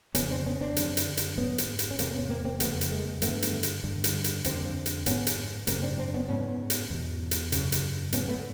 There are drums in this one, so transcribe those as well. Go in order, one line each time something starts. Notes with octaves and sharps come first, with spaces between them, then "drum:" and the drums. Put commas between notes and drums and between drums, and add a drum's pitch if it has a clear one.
F2 C#3 B3 C#4, drum: hi-hat
C4 D4
B3 C#4
C4 D4
F#2 D3, drum: hi-hat
drum: hi-hat
drum: hi-hat
G#2 B3 C#4
drum: hi-hat
drum: hi-hat
C#4
E2 C3 A#3 C4, drum: hi-hat
B3 C#4
A#3 C4
A#3 C4
F2 C#3 A3 B3, drum: hi-hat
drum: hi-hat
G#3 A#3
G2 D3 A3 B3, drum: hi-hat
drum: hi-hat
drum: hi-hat
G2 D3
drum: hi-hat
drum: hi-hat
F2 D3 A#3 C4, drum: hi-hat
drum: hi-hat
G#2 B3 C#4, drum: hi-hat
drum: hi-hat
F#2 C#3 A#3 C4, drum: hi-hat
C4 D4
C4 D4
B3 C#4
G#2 B3 C#4
drum: hi-hat
E2 B2
drum: hi-hat
F#2 C#3, drum: hi-hat
drum: hi-hat
G#2 B3 C#4, drum: hi-hat
A3 B3